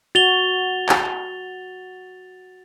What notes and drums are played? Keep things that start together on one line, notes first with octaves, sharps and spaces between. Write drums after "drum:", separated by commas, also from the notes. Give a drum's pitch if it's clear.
F#4 A6 F7 G7
drum: clap